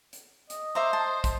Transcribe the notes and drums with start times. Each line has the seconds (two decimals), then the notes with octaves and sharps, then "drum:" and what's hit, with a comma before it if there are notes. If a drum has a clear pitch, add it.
0.13 drum: hi-hat
0.50 D#5, drum: hi-hat
0.75 C5 E5 A#5 D6
0.93 A5
1.24 drum: kick, hi-hat